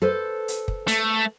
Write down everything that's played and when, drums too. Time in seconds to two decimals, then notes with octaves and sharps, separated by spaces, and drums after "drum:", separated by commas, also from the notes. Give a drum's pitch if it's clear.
0.02 A4 B4 C5
0.48 drum: hi-hat
0.68 drum: kick
0.88 A3, drum: hi-hat